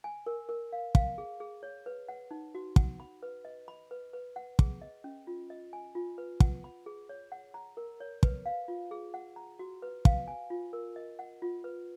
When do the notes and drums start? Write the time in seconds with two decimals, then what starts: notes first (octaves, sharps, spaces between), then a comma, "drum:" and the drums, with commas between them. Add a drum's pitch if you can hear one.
0.04 G#5
0.26 A#4
0.49 A#4
0.73 F5
0.95 F5, drum: kick
1.18 G#4
1.40 G#4
1.63 C#5
1.86 B4
2.08 F#5
2.31 D#4
2.55 F#4
2.76 F#5, drum: kick
3.00 B5
3.23 B4
3.45 D#5
3.68 B5
3.91 B4
4.13 B4
4.36 F#5
4.59 G#4, drum: kick
4.82 D#5
5.04 C#4
5.27 F4
5.50 D#5
5.73 G#5
5.95 F4
6.18 B4
6.40 F#5, drum: kick
6.64 B5
6.86 G#4
7.09 C#5
7.32 F#5
7.54 A#5
7.77 A#4
8.00 C#5
8.23 B4, drum: kick
8.46 F5
8.68 F4
8.91 G#4
9.14 F#5
9.36 A#5
9.59 F#4
9.82 B4
10.05 F5, drum: kick
10.28 G#5
10.50 F4
10.73 A#4
10.96 D#5
11.19 F#5
11.42 F4
11.64 B4